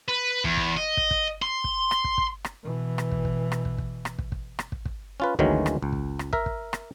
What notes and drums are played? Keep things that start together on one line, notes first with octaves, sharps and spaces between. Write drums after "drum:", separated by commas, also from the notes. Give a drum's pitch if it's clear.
B4
E2, drum: kick
drum: kick
D#5
drum: kick
drum: kick
C6
drum: kick
drum: rim click
drum: kick
drum: kick
drum: rim click
B2 E3
drum: rim click
drum: kick
drum: kick
drum: rim click
drum: kick
drum: kick
drum: rim click
drum: kick
drum: kick
drum: rim click
drum: kick
drum: kick
C#4 F4 B4
D2 D#3 E3 F#3 G#3 C#4, drum: kick
drum: rim click
C#2
drum: kick
drum: rim click
A#4 E5, drum: kick
drum: kick
drum: rim click